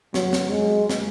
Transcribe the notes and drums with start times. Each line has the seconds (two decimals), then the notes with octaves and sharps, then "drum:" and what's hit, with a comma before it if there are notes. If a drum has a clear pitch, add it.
0.14 F#3, drum: snare
0.33 drum: snare
0.51 G#3
0.90 drum: snare